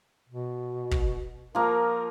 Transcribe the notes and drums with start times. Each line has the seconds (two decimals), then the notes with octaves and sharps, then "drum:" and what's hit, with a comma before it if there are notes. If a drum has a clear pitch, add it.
0.29 B2
0.91 drum: kick
1.55 F3 A#3 A#4